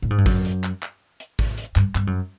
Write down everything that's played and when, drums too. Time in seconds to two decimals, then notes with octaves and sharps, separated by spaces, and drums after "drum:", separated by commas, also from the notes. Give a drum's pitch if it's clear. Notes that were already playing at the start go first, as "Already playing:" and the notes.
0.02 A2
0.10 G#2
0.18 G2
0.26 F#2, drum: kick G#1, hi-hat
0.45 drum: hi-hat
0.64 drum: clap
0.83 drum: clap
1.20 drum: hi-hat
1.39 drum: kick G#1, hi-hat
1.58 drum: hi-hat
1.76 G2, drum: clap
1.95 G2, drum: clap
2.07 F#2